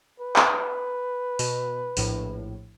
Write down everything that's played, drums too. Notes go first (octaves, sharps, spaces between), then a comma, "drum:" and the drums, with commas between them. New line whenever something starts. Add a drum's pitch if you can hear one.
B4
drum: clap
B2, drum: open hi-hat
A#1 A2, drum: open hi-hat